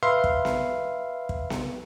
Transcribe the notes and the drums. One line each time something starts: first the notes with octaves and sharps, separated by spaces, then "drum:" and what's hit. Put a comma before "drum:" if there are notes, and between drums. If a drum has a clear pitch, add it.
B4 E5 F5 C6
drum: kick
drum: snare B3
drum: kick
drum: snare B3